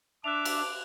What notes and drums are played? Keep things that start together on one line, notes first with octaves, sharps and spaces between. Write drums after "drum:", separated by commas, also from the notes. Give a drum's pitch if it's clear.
D4 E5 D6 F#6 F7
drum: cymbal